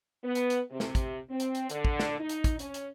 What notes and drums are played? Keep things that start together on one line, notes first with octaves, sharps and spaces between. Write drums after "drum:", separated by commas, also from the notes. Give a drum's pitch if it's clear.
B3
drum: hi-hat
drum: hi-hat
C3
drum: snare
drum: kick, hi-hat
C4
drum: hi-hat
drum: hi-hat
D3, drum: hi-hat
drum: kick
drum: snare
D#4
drum: hi-hat
drum: kick, hi-hat
C#4, drum: hi-hat
drum: hi-hat